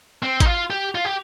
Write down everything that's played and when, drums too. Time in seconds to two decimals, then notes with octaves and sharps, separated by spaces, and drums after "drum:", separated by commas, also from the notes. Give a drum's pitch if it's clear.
0.23 C4
0.40 D#4, drum: kick G#1, hi-hat
0.46 F4
0.70 G4
0.95 F4
1.05 G4